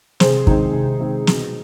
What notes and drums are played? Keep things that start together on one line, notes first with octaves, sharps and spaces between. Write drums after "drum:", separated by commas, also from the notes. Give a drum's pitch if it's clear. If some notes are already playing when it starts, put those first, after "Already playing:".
C3 G#4 C5, drum: snare
D#3 G#3 C4 D#4, drum: kick
C3
D#3 G#3 C4
B2, drum: snare